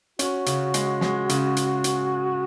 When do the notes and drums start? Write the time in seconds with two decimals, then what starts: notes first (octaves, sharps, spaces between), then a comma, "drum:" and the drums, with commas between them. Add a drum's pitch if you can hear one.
0.19 C#4 F#4, drum: hi-hat
0.46 C#3, drum: hi-hat
0.74 G#3, drum: hi-hat
1.01 G#3, drum: snare
1.29 C#3, drum: hi-hat
1.57 drum: hi-hat
1.84 drum: hi-hat